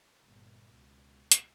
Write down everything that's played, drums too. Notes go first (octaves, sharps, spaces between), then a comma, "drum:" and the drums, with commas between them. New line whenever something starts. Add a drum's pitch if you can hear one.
G1 A#2
C#2 B2
drum: hi-hat